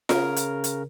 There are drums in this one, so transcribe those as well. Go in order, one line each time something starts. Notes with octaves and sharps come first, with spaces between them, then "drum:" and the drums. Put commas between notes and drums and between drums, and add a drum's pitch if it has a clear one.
C#3 A#4, drum: snare F4
drum: hi-hat
drum: hi-hat